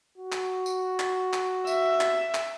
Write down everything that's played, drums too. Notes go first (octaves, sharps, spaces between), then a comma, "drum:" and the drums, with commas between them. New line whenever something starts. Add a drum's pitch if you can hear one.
F#4
drum: clap
drum: tambourine
drum: clap
drum: clap
E5, drum: tambourine
drum: clap
drum: clap